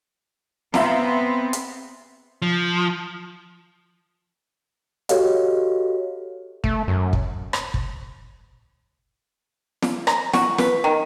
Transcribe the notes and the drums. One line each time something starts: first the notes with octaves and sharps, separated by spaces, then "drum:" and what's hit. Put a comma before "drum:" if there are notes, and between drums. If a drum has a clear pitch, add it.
B3 C4 E5 F5 A#5, drum: snare
drum: hi-hat
F3
F#4 G4 A4 C#5 D#5 F5, drum: hi-hat
A3, drum: kick
F#2
drum: kick
drum: rim click
drum: kick
drum: snare
A#5, drum: rim click
F#4, drum: snare
B4, drum: snare
D#3